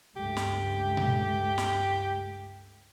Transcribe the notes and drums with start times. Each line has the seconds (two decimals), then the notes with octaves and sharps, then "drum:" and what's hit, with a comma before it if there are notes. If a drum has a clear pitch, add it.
0.16 C#2 G2 A3 G4
0.37 drum: snare
0.97 drum: tom A#2
1.58 drum: snare